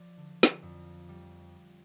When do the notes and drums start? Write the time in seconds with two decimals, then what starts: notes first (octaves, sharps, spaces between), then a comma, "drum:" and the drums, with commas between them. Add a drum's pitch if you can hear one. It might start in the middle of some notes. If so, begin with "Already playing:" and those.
Already playing: F3 D5
0.17 D3
0.43 drum: snare
0.62 F2
1.09 G3